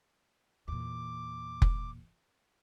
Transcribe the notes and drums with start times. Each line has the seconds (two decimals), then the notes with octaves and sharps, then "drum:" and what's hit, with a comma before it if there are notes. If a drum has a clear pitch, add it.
0.68 E2 A#2 D6
1.62 drum: kick F1